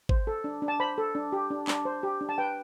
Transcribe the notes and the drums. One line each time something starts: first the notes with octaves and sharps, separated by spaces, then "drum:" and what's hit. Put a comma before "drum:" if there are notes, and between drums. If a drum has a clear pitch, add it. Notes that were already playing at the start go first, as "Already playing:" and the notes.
C5, drum: kick G#1
A4
D4
D4
A5
C5 B5
A4
D4
G4
D4
D4, drum: clap
C5
G4
D4
A5
B4 G5